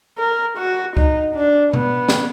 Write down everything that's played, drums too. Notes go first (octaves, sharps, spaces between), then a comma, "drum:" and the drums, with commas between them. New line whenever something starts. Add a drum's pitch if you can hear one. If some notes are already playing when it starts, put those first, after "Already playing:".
A#4
F#4
D#4, drum: kick C#2
D4
B3, drum: tom B2
drum: snare